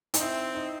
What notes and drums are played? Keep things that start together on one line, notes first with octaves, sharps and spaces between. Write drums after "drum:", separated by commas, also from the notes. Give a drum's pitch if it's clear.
D#4, drum: hi-hat
C4 E4
D#4